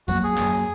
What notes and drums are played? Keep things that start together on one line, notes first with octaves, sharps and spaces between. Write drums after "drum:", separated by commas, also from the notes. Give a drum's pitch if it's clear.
F#2 F#3 A#3 F#4, drum: kick, tambourine
G#4
F#2 F#3 A#3, drum: clap